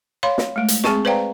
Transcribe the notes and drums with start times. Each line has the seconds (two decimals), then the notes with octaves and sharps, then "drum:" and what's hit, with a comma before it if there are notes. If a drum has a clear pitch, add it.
0.23 C#5 F5 B5 C6
0.38 drum: snare
0.56 G#3 A3
0.68 drum: hi-hat
0.84 G#3 C4 G#4 A5 C#6, drum: snare
1.05 B4 C5 D5 F5 G5 A#5